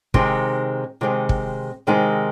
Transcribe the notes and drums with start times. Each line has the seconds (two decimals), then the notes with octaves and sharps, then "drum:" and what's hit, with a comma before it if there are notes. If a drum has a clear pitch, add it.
0.14 C3 D#3 G#3 C4 D#4, drum: kick
1.01 C3 D#3 G#3 C4 D#4
1.29 drum: kick
1.87 C3 D#3 G#3 C4 D#4